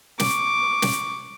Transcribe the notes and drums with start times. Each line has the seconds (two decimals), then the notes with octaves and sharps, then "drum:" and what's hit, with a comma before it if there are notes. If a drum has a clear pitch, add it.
0.20 C#6 D6, drum: snare
0.82 drum: snare